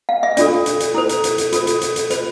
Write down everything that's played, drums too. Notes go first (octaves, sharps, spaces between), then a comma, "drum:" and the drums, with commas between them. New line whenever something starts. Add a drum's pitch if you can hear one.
F5
E5
D4 F4 A4 D5, drum: hi-hat
drum: hi-hat
drum: hi-hat
E4 A4 C5
drum: hi-hat
drum: hi-hat
drum: hi-hat
F4 A4 C5, drum: hi-hat
drum: hi-hat
drum: hi-hat
drum: hi-hat
F4 C5, drum: hi-hat